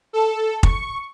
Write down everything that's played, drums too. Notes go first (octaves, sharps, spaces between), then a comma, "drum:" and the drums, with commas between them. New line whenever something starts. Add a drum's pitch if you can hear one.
A4
C#6, drum: kick